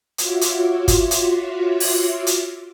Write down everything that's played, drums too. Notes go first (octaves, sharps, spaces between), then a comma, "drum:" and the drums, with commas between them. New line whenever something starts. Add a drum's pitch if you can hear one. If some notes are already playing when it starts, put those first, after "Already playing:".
F4 F#4 C#5 E5 C6 D6, drum: hi-hat
drum: hi-hat
drum: kick F#1, hi-hat
drum: hi-hat
drum: open hi-hat
drum: hi-hat